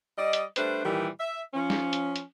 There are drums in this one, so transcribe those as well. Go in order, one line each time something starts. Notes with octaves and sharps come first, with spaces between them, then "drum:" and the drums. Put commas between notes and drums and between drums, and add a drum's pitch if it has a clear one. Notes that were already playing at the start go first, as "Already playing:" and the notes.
G3 D5 D#5
drum: hi-hat
G3 A3 D4 B4 C5, drum: hi-hat
A#2 D#3 E3 G3 G4
E5
F3 C#4
drum: snare
drum: hi-hat
drum: hi-hat